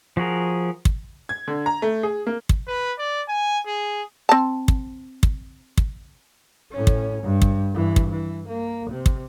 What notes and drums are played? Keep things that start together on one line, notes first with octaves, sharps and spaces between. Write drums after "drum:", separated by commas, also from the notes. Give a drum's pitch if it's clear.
F3 F#4 G#4 A#4
drum: kick
G#6
D3
A#5
A3
G#4
A#3
drum: kick
B4
D5
G#5
G#4
C4 A5
drum: kick
drum: kick
drum: kick
A2 C#4
drum: kick
G2
drum: kick
G2 E3
drum: kick
E3
A#3
C3
drum: kick